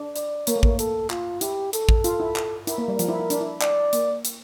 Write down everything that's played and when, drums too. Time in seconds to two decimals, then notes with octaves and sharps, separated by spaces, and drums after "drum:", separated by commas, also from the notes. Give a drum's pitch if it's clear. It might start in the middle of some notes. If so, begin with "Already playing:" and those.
Already playing: D4
0.16 D5, drum: hi-hat
0.47 A#3 C#5, drum: hi-hat
0.56 A3
0.63 A#3, drum: kick A1
0.79 A4, drum: hi-hat
1.10 F4, drum: clap
1.41 E4 G4, drum: hi-hat
1.73 A4, drum: hi-hat
1.89 drum: kick A1
2.04 F4, drum: hi-hat
2.20 E4
2.36 drum: clap
2.67 E4 A#4, drum: hi-hat
2.78 A#3
2.88 G3
2.99 F3, drum: hi-hat
3.09 E4
3.20 E4
3.30 D4, drum: hi-hat
3.41 E4
3.61 D5, drum: clap
3.93 A#3, drum: hi-hat
4.25 drum: hi-hat